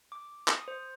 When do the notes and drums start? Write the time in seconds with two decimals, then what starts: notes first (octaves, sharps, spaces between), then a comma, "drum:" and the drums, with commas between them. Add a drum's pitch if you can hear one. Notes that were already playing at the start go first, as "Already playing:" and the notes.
0.12 D6
0.48 D#6, drum: clap
0.68 C5